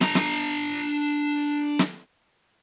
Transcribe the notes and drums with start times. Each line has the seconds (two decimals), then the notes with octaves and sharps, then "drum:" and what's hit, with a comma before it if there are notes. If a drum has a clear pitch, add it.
0.01 D4 A#5, drum: snare
0.15 drum: snare
1.79 drum: snare